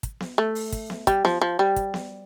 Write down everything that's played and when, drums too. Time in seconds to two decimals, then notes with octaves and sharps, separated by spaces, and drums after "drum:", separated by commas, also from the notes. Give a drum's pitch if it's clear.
0.03 drum: kick, hi-hat
0.20 drum: snare B3
0.38 A3
0.55 drum: open hi-hat
0.72 drum: kick, hi-hat
0.90 drum: snare B3
1.07 G3, drum: kick, hi-hat
1.25 F3, drum: snare B3
1.41 F3
1.59 G3
1.76 drum: kick, hi-hat
1.94 drum: snare B3